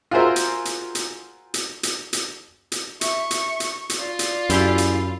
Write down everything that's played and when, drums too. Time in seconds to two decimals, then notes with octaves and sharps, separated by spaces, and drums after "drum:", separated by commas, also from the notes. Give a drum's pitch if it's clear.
0.11 F4 F#4 G#4 A#4 C5 E5
0.36 drum: hi-hat
0.65 drum: hi-hat
0.95 drum: hi-hat
1.54 drum: hi-hat
1.83 drum: hi-hat
2.13 drum: hi-hat
2.72 drum: hi-hat
3.01 E5 C#6, drum: hi-hat
3.31 drum: hi-hat
3.60 drum: hi-hat
3.89 drum: hi-hat
3.99 F4 D5
4.19 drum: hi-hat
4.50 F#2 E4 G4 G#4, drum: hi-hat
4.78 drum: hi-hat